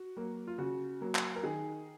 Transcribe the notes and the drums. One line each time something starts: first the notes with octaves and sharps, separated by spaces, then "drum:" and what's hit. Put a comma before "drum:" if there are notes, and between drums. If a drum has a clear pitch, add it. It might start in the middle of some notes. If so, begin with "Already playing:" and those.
Already playing: F#4
F#3 A#3
F4
C#3 F#4
F#3 A#3
drum: clap
A#4
D#3 G#4